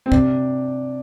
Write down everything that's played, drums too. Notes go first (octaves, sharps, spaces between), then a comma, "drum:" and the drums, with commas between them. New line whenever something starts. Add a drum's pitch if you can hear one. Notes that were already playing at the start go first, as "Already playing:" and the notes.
C4
C3 D4, drum: kick